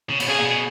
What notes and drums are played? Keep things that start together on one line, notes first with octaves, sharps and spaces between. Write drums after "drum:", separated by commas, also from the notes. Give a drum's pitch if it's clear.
C#3
B2, drum: cymbal
C#3 G#4
A#2
B2